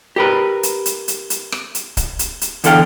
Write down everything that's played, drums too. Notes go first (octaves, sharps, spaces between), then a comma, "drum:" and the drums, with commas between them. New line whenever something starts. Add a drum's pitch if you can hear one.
G4 A#4 B4
drum: hi-hat
drum: hi-hat
drum: hi-hat
drum: hi-hat
drum: rim click
drum: hi-hat
drum: kick C#1, hi-hat
drum: hi-hat
drum: hi-hat
E2 D3 E3 A4 F5 G5, drum: hi-hat